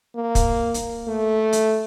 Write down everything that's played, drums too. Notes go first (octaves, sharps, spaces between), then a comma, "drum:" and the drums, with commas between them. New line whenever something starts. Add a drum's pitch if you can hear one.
A#3
drum: kick, hi-hat
drum: hi-hat
A3
drum: hi-hat